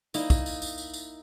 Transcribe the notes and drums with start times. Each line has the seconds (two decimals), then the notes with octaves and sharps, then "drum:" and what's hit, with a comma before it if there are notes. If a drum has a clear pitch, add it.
0.14 A#3 D#4 E4, drum: tambourine
0.30 drum: kick, tambourine
0.46 drum: tambourine
0.62 drum: tambourine
0.78 drum: tambourine
0.94 drum: tambourine